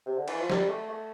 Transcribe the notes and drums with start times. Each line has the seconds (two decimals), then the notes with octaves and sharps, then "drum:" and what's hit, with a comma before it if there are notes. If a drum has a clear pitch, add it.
0.06 C3
0.17 D3
0.28 E3, drum: cymbal
0.39 F3
0.50 G3, drum: snare
0.69 A3
0.89 A3